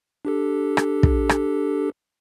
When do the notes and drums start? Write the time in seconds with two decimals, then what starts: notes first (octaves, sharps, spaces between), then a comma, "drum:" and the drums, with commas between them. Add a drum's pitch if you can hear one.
0.25 D4 G4 A4
0.77 drum: rim click
1.03 drum: kick
1.29 drum: rim click